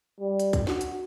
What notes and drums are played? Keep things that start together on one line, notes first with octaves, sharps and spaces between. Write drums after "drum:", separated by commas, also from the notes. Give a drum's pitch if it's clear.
G3
drum: hi-hat
drum: kick, hi-hat
F#4, drum: snare
drum: hi-hat